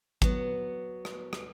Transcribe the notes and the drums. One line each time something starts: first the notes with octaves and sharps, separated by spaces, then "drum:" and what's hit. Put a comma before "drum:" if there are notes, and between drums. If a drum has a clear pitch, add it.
F#3 B3, drum: kick
drum: rim click
drum: rim click